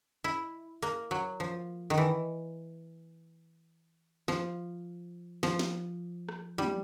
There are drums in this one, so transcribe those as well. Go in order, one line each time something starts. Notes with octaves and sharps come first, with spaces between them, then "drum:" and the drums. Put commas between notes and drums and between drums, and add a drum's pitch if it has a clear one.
E4
A#3, drum: hi-hat
F#3
F3
D#3
E3
F3, drum: snare
F3, drum: snare
drum: snare
drum: rim click
G3, drum: tom